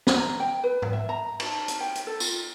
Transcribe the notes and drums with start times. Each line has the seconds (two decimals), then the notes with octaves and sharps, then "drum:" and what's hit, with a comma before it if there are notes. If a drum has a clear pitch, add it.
0.07 drum: snare
0.16 A#5
0.40 G5
0.64 B4
0.82 drum: tom G#2
0.93 E5
1.09 A#5
1.40 A5, drum: cymbal
1.68 drum: hi-hat
1.80 G5
1.95 drum: hi-hat
2.07 A4
2.20 F4, drum: tambourine